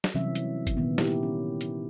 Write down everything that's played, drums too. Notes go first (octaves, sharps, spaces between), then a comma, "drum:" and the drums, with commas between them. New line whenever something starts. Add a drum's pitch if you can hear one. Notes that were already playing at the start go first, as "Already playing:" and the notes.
drum: snare
C3 E3 F#3 G3 C#4 E5
drum: hi-hat
drum: kick G1, hi-hat
A#2 D#3 B3
E4 G4 A#4, drum: snare
C#4
drum: hi-hat